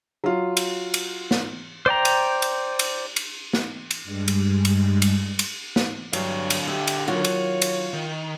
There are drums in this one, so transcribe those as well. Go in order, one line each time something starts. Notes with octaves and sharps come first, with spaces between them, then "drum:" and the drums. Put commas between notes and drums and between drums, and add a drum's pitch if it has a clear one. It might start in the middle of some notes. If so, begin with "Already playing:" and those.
F#3 F4
drum: cymbal
drum: cymbal
drum: snare
C5 D5 G5 A#5
drum: cymbal
drum: cymbal
drum: cymbal
drum: cymbal
drum: snare
drum: cymbal
G2 G3 G#3
drum: cymbal
drum: cymbal
drum: cymbal
drum: cymbal
drum: snare
G2 D3 F#3 C#5 F5, drum: cymbal
drum: cymbal
G4 E5
drum: cymbal
D#3 F#3 A#3 F4 C#5 F#5
drum: cymbal
drum: cymbal
D#3